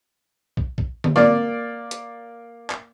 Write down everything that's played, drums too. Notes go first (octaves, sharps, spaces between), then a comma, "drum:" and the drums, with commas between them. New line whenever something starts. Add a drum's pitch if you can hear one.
drum: kick
drum: kick
drum: tom D3
A#3 D5, drum: snare
drum: hi-hat
drum: clap